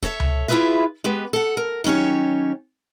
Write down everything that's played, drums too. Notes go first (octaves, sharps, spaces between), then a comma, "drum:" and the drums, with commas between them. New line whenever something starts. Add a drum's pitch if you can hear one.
A4 C#5 D#5 E5, drum: kick
drum: tom C#2
E4 F4 G4 G#4 B4 E5
G#3 B3 G4 B4
A4 F#5
A#4
D#3 F#3 C#4 G4 C#5